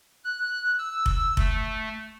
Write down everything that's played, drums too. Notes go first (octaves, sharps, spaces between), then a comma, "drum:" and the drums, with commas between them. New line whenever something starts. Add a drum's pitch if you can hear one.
F#6
E6
drum: kick F1
A3, drum: kick F1